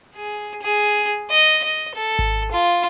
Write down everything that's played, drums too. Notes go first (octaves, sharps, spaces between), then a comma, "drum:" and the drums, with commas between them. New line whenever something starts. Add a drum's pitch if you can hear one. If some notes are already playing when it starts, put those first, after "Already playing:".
G#4
G#4
D#5
D#5
A4
drum: kick G#1
F4